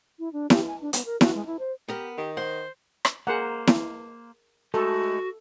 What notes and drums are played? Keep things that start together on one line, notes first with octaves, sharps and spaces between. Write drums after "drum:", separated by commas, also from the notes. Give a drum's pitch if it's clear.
E4
D4
G4, drum: snare E4
G#5
D4
B3, drum: hi-hat
A#4
F#4, drum: snare E4
G#3
E4
C5
B3 G4 A#4
D#3 G4
C5 F#5
drum: rim click
A#3 G#4 A#4 C5 F#5
drum: snare E4
G#3 A3 D#4 F#4 A4